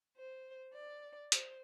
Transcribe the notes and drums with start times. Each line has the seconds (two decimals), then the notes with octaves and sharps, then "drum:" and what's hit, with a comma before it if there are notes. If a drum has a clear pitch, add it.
0.17 C5
0.73 D5
1.32 C5, drum: hi-hat